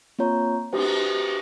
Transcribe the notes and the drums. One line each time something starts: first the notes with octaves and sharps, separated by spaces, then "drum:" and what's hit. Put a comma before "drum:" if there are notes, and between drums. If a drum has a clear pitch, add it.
A#3 C4 F4 C#5 A#5
F#4 G4 B4 C5, drum: cymbal